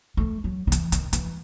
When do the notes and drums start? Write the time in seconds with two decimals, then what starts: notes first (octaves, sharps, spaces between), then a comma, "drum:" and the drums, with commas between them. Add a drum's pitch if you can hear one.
0.17 A3
0.44 F#3
0.67 D#3
0.72 E3, drum: hi-hat
0.92 D#3, drum: hi-hat
1.13 E3, drum: hi-hat